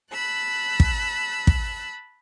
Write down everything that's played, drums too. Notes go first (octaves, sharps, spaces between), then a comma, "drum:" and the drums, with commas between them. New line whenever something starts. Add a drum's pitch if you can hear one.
A5 B5 E6 F#6
drum: kick
drum: kick